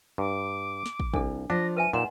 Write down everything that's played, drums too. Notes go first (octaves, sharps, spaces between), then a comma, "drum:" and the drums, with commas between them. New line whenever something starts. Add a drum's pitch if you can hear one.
G2 D6
drum: snare
drum: kick
C2 D4 A4, drum: kick
F3 D4 F5 A#6
B4 E5 G#5 D#7
A#2 D#4 D#5 F#5 C6 E7